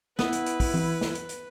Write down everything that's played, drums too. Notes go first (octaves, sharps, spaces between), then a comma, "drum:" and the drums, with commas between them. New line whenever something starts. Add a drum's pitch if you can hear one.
B3 E4 B4, drum: snare
drum: hi-hat
drum: hi-hat
drum: kick, open hi-hat
drum: tom E3
drum: snare
drum: hi-hat
drum: hi-hat